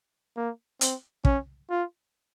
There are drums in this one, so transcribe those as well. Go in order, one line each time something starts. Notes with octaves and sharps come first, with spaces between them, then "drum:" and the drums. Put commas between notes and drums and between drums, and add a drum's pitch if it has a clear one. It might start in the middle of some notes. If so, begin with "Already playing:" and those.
A#3
C4, drum: hi-hat
C#4, drum: kick
F4